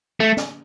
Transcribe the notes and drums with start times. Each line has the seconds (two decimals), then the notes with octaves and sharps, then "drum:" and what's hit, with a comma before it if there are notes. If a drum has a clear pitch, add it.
0.20 A3
0.37 drum: snare